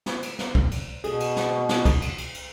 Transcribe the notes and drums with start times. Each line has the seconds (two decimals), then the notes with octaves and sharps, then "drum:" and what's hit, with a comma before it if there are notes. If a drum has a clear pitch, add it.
0.06 drum: snare
0.22 drum: cymbal
0.39 drum: snare
0.55 drum: kick
0.71 drum: cymbal
1.04 B2 G#4, drum: cymbal
1.20 drum: cymbal
1.36 drum: snare
1.69 drum: snare
1.85 drum: kick, cymbal
2.02 drum: cymbal
2.18 drum: cymbal
2.34 drum: cymbal